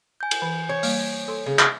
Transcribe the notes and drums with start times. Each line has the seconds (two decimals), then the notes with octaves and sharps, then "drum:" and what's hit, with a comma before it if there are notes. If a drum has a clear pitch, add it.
0.20 G#5 G6
0.31 drum: cymbal
0.42 E3
0.69 C#5
0.83 G3 A#3, drum: open hi-hat
1.28 A4 C6
1.46 C#3
1.59 drum: clap